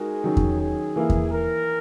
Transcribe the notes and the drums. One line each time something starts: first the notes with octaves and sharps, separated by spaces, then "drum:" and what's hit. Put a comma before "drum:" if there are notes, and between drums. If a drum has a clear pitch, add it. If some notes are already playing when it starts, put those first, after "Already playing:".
Already playing: G#3 D#4 F#4 G#4 A#4
D#3 F#3 C#4
drum: kick E2
G#4
E3 A#3 E4
drum: kick E2
A#4